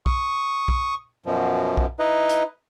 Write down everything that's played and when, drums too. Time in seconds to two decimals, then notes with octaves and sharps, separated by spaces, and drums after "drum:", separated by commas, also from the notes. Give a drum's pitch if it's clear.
0.06 C#6 D#6, drum: kick B1
0.68 drum: kick B1
1.26 F#2 B2 F3
1.77 drum: kick B1
1.99 D#4 E4 B4 D#5
2.29 drum: hi-hat